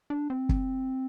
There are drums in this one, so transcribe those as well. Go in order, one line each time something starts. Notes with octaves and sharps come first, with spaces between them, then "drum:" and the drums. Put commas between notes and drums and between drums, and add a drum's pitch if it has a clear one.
D4
C4
drum: kick